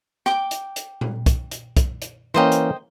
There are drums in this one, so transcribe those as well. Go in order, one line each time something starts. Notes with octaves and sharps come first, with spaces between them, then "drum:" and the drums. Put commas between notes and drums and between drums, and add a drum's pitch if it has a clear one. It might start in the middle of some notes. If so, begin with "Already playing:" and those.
G5 D6, drum: rim click
drum: hi-hat
drum: hi-hat
drum: tom A#2
drum: kick, hi-hat
drum: hi-hat
drum: kick, hi-hat
drum: hi-hat
E3 A#3 C#4 C5 D#5 G5
drum: hi-hat